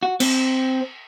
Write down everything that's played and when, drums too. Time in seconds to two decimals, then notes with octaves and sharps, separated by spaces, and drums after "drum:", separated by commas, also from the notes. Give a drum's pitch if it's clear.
0.03 F#4
0.20 C4, drum: cymbal